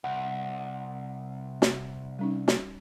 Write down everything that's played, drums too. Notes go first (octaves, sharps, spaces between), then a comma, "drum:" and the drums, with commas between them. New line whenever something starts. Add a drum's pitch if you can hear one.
C2 F#5
drum: snare
G3 C#4 D#4
drum: snare